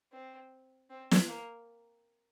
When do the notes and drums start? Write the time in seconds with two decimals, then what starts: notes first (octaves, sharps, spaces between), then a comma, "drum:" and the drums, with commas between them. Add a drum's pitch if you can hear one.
0.12 C4
0.90 C4
1.11 drum: snare
1.28 A#3